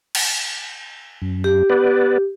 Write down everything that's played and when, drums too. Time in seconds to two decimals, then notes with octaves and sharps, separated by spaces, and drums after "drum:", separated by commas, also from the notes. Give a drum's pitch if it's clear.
0.15 drum: cymbal
1.22 F#2
1.44 G4
1.70 B3 B4 D5